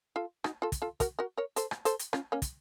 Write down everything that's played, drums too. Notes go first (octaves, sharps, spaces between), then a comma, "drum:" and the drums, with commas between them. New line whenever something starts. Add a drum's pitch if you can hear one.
F4 A4
D#4 F#4, drum: rim click
F4 A4
drum: kick, hi-hat
F4 A4
F#4 A#4, drum: kick, hi-hat
F#4 A#4
A#4 C#5
A4 C5, drum: hi-hat
drum: rim click
A4 C5, drum: hi-hat
drum: hi-hat
C#4 F4, drum: rim click
A#3 C#4
drum: kick, hi-hat